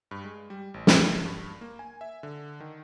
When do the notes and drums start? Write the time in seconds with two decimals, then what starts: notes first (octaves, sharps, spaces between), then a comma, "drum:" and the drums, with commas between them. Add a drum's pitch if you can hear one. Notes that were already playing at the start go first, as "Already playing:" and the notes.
0.11 G2
0.25 G#3
0.50 G3
0.74 A1
0.87 drum: snare
0.98 F#3
1.26 G2
1.61 A#3
1.79 G#5
2.01 E5
2.23 D3
2.60 D#3